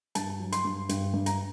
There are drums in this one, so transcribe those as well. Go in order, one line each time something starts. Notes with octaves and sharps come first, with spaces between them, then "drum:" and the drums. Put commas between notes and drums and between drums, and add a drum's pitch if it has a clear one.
G2 A5, drum: hi-hat
F#3
C6, drum: hi-hat
G2
G2, drum: hi-hat
G2
A#5, drum: hi-hat